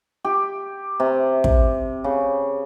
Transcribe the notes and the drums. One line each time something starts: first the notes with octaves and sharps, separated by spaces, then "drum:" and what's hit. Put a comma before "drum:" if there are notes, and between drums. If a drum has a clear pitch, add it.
G4
C3
drum: kick
C#3